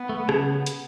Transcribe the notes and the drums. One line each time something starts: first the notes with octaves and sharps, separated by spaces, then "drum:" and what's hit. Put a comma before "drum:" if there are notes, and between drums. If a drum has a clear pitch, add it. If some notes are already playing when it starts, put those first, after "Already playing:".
Already playing: B3
A3
C#3, drum: rim click
drum: hi-hat